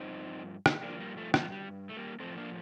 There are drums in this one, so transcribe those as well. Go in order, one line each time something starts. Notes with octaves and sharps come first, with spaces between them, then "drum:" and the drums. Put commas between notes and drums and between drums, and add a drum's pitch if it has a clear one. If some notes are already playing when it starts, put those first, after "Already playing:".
Already playing: G2 F3 C4 D#4
drum: rim click
G2 F3 A#3 D4
G3 A#3
F3 A3
F3, drum: rim click
G3
A3
G3 A#3
A2 F3 A3 C4
A#3 D4